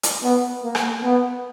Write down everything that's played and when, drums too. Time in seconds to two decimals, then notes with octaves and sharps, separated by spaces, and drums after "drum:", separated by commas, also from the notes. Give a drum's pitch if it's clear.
0.03 drum: hi-hat
0.23 B3
0.63 A#3
0.75 drum: rim click
1.03 B3